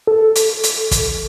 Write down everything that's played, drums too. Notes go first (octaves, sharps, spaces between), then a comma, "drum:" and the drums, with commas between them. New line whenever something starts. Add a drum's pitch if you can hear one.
A4
drum: hi-hat
drum: hi-hat
drum: kick, hi-hat